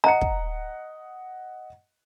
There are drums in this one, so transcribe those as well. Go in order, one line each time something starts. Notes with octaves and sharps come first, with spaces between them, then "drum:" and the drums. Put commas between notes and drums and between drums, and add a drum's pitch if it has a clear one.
D#5 F#5 A#5 C#7
drum: kick